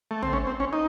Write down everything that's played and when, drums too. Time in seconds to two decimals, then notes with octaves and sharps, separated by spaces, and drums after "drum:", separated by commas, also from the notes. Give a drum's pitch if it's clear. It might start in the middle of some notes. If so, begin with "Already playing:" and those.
0.11 A3
0.23 C4, drum: tom
0.33 C#4
0.47 C4
0.60 C#4
0.73 D#4